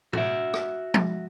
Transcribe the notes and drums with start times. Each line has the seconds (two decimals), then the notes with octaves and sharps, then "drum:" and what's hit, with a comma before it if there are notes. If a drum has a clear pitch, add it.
0.13 F#4 E5, drum: tom A2
0.54 drum: rim click
0.94 drum: tom